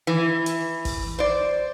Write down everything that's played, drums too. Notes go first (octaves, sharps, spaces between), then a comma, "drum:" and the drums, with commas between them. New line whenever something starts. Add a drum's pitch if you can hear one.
E3
drum: hi-hat
drum: kick, open hi-hat
C5 D5